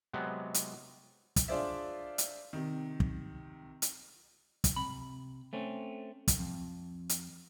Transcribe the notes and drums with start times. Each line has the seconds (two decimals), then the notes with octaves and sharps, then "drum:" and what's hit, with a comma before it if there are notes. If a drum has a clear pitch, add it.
0.13 C3 F#3 G#3 B3
0.54 drum: hi-hat
1.36 drum: kick, hi-hat
1.48 D4 F4 G#4 C5 D5 E5
2.18 drum: hi-hat
2.53 C3 D#3
3.00 drum: kick
3.82 drum: hi-hat
4.64 drum: kick, hi-hat
4.76 C3 B5
5.53 A3 C4 C#4
6.28 drum: kick, hi-hat
6.39 F2
7.09 drum: hi-hat